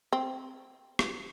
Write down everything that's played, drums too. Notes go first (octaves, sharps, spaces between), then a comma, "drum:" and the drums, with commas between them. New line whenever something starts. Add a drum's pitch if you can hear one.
C4
drum: rim click